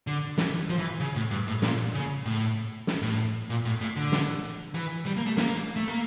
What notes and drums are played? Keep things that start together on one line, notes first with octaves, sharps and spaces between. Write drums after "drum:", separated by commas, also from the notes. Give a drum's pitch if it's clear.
D3
E3, drum: snare
F3
E3
C#3
A2
G2
A2
A#2, drum: snare
C#3
A2
drum: snare
A2
A#2
A2
A2
D3
drum: snare
E3
G3
A#3
A3
A#3, drum: snare
A3
A#3